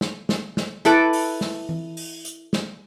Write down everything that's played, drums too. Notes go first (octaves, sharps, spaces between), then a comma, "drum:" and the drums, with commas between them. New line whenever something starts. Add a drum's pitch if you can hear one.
drum: snare
drum: snare
drum: snare
E4 A4 B4 D6, drum: hi-hat
drum: open hi-hat
drum: snare
drum: tom E3
drum: open hi-hat
drum: hi-hat
drum: snare